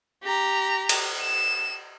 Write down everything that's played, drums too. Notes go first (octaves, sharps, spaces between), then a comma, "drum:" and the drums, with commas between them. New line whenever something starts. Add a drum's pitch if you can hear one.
G4 A#5
drum: cymbal
E7